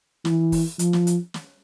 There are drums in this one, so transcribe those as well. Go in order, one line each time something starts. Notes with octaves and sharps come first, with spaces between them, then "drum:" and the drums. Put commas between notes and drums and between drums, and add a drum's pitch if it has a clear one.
E3, drum: snare
drum: kick, open hi-hat
F3, drum: hi-hat
drum: snare
drum: hi-hat
drum: snare